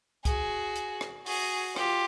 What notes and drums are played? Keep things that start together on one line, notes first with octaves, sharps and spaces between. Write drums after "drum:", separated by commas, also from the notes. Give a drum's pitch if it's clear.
F#4 G#4, drum: kick, hi-hat
drum: hi-hat
drum: rim click
F#4 G#4, drum: open hi-hat
F4 G4, drum: rim click